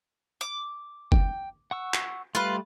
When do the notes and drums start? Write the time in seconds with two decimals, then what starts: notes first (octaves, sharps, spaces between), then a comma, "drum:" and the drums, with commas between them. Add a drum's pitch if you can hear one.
0.41 D6
1.12 G5, drum: kick F#1
1.71 F#5 C#6 E6
1.94 drum: clap
2.35 G3 A3 F4 B4